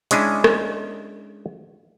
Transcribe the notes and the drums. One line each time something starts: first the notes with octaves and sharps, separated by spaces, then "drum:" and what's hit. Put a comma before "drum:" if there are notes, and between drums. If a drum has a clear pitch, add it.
G#3 C#4 D4 E4 G#5, drum: hi-hat
drum: rim click